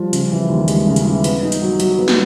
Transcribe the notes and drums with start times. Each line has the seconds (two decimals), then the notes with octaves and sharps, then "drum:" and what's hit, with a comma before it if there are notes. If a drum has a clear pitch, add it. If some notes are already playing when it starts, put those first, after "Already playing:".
Already playing: F3 G3
0.13 C#3, drum: hi-hat
0.32 E3
0.50 D#2
0.68 G#3, drum: hi-hat
0.87 C#3
0.96 drum: hi-hat
1.06 E3
1.24 B3, drum: hi-hat
1.43 D#4
1.52 drum: hi-hat
1.62 F#3
1.80 F#3, drum: hi-hat
1.99 B3
2.08 drum: snare